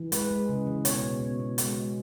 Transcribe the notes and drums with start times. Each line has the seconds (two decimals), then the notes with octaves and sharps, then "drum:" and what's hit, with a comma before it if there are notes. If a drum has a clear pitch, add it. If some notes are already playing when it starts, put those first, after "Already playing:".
Already playing: E3
0.12 G#3 B4, drum: hi-hat
0.30 G#3
0.49 C#3
0.67 E3
0.85 B2 C#5, drum: hi-hat
1.03 B2
1.21 B2
1.40 B2
1.58 G#3, drum: hi-hat
1.76 G#3